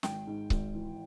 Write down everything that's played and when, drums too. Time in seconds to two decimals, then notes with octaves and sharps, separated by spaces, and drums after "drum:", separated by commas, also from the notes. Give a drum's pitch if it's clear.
0.03 G#1 G5, drum: snare
0.27 G#2
0.50 G#1, drum: kick C#1
0.74 E3